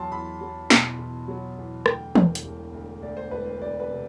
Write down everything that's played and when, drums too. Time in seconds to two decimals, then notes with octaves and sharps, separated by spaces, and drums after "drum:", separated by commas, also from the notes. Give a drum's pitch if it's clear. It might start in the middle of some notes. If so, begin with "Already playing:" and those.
Already playing: E2 F#3 A5 C6
0.11 E2 B5
0.41 F#3
0.70 B2, drum: snare
0.98 E2
1.28 F#3
1.58 E2
1.86 D2 G5, drum: rim click
2.15 E1, drum: tom
2.35 drum: hi-hat
2.44 E1
2.73 D2
3.02 D2 D5
3.17 C5
3.31 E1 B4
3.46 C5
3.61 E1 D5
3.80 B4
3.90 C3